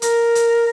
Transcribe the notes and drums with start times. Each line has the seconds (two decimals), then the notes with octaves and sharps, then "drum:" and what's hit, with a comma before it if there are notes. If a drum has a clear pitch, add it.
0.02 A#4, drum: hi-hat
0.35 drum: hi-hat